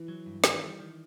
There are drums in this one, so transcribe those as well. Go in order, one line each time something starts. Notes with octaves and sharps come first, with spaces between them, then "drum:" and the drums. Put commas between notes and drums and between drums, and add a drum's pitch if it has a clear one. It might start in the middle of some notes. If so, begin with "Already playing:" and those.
Already playing: E3
F#3
G2
D#3, drum: snare
G3
D#3